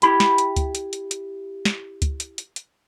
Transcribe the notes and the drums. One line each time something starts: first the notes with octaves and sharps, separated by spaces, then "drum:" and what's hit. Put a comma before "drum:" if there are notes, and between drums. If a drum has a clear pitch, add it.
E4 G4 B5, drum: hi-hat
drum: snare
drum: hi-hat
drum: kick C#2, hi-hat
drum: hi-hat
drum: hi-hat
drum: hi-hat
drum: snare
drum: kick C#2, hi-hat
drum: hi-hat
drum: hi-hat
drum: hi-hat